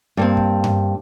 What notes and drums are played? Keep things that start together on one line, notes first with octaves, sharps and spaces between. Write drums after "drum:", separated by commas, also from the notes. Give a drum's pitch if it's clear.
G2 A#3 C4
drum: kick
drum: tom G2